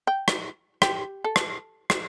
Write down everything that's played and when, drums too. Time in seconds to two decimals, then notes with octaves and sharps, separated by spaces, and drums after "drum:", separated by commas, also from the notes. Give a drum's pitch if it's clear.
0.07 G5
0.28 drum: rim click
0.82 G4, drum: rim click
1.24 A4
1.36 drum: rim click
1.90 drum: rim click